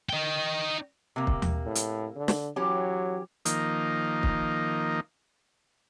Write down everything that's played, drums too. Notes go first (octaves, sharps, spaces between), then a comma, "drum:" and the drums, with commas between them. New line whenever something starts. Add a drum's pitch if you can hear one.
D#4 G5
C3 A#3
drum: kick
drum: tom D#2
A2
drum: hi-hat
D3
drum: snare
E3 F#3 C#4 G4
D#3 F3 A#3 D#4, drum: hi-hat
drum: kick